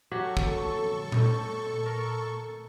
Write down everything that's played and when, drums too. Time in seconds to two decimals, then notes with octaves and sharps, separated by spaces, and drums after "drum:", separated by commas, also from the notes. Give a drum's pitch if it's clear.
0.12 F#3 F#4 G4 A4 C#6
0.37 drum: kick
1.12 drum: tom A#2
1.86 A#4